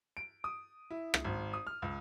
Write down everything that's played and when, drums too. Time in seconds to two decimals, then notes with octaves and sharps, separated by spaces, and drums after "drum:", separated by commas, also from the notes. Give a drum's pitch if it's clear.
0.17 D7
0.44 D#6
0.91 E4
1.14 drum: rim click
1.24 G#1
1.54 D#6
1.67 F6
1.82 C#2